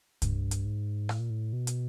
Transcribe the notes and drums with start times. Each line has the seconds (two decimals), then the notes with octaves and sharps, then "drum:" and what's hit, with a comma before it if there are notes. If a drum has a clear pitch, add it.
0.22 G2, drum: kick C2, hi-hat
0.51 drum: hi-hat
0.65 G#2
1.09 A2, drum: rim click
1.20 A#2
1.30 A2
1.53 B2
1.67 drum: hi-hat